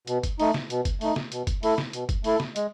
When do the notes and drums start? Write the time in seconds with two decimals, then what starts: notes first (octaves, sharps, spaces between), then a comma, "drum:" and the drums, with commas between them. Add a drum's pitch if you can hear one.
0.07 B2, drum: hi-hat
0.23 drum: kick, hi-hat
0.40 A3 D#4, drum: open hi-hat
0.54 drum: snare
0.70 B2, drum: hi-hat
0.85 drum: kick, hi-hat
1.01 A3 D#4, drum: open hi-hat
1.16 drum: snare
1.32 B2, drum: hi-hat
1.47 drum: kick, hi-hat
1.63 A3 E4 A4, drum: open hi-hat
1.78 drum: snare
1.93 B2, drum: hi-hat
2.09 drum: kick, hi-hat
2.24 A3 E4 A4, drum: open hi-hat
2.40 drum: snare
2.56 G#3, drum: hi-hat